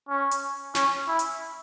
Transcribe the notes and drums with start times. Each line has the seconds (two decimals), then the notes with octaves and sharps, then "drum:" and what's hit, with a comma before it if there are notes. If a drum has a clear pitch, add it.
0.09 C#4
0.31 drum: hi-hat
0.75 C#4, drum: snare
1.08 E4
1.19 drum: hi-hat